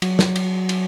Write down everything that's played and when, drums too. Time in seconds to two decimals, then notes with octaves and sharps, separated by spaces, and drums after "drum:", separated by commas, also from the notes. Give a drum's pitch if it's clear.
0.02 F#3, drum: cymbal
0.19 drum: snare
0.36 drum: cymbal
0.69 drum: cymbal